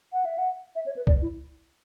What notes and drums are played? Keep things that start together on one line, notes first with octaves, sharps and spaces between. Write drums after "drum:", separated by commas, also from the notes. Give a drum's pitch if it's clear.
F#5
E5
F#5
E5
C#5
B4
D5, drum: kick
E4